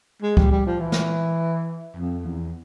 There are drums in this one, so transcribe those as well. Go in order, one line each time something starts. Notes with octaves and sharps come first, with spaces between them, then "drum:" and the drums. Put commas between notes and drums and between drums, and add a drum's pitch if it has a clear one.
G#3
G3, drum: kick
G3
F3
E3
drum: snare
F2
E2